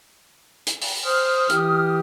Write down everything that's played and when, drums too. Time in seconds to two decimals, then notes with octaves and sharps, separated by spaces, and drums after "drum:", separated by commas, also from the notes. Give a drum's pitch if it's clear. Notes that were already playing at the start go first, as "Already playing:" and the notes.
0.67 drum: hi-hat
0.81 drum: open hi-hat
1.05 C5 D#6 F6
1.49 E3 G4, drum: hi-hat